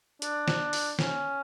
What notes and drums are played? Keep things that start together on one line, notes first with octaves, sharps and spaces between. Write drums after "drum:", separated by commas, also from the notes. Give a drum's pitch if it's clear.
D4, drum: hi-hat
drum: snare
drum: open hi-hat
C#4, drum: snare